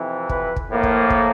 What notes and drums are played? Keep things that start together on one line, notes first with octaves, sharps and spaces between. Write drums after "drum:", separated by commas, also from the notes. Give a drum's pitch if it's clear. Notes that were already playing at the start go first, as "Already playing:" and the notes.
Already playing: F2 C3 E3
B4, drum: kick
drum: kick
A2 F3 A#3
drum: kick
drum: kick